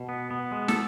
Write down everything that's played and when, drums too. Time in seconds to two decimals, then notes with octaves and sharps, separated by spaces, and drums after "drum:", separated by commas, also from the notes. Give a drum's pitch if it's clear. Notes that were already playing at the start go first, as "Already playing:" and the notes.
Already playing: B2
0.09 B3
0.31 B3
0.52 G#3
0.68 A4, drum: snare